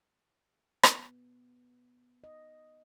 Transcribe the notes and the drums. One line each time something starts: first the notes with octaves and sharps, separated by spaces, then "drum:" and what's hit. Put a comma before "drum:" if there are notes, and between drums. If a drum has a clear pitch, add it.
B3, drum: rim click
D#5